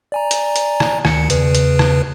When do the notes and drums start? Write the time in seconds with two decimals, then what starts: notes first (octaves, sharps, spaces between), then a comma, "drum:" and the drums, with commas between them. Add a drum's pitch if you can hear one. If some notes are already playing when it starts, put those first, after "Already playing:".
0.12 D5 G#5 A#5
0.31 drum: hi-hat
0.56 drum: hi-hat
0.80 drum: rim click
1.05 D2 D#3 C#7, drum: rim click
1.30 E2 C#3 B4, drum: hi-hat
1.55 drum: hi-hat
1.79 drum: rim click